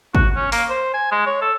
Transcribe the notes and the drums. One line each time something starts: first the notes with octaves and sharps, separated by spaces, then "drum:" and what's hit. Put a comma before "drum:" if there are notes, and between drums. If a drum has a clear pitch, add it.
F#4, drum: kick G#1
C#4
A#3, drum: open hi-hat
C5
G#5
G#3
C#5
A4